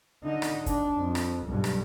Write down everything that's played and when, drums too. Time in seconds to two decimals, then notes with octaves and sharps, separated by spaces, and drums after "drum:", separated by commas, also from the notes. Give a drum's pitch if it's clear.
0.23 D3 D#4
0.42 drum: rim click
0.66 D4, drum: kick, hi-hat
0.96 F2
1.15 drum: rim click
1.47 B1 G2
1.64 drum: rim click